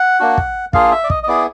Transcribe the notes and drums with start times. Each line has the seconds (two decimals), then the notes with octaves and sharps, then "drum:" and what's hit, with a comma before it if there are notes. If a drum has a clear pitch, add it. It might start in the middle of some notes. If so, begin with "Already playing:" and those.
Already playing: F#5
0.20 A#3 D4 F#4
0.38 drum: kick
0.73 A#3 D4 F4 G#4 F5, drum: kick
0.92 E5
1.04 D5
1.10 D#5, drum: kick
1.23 D#5
1.27 B3 E4 G#4 D5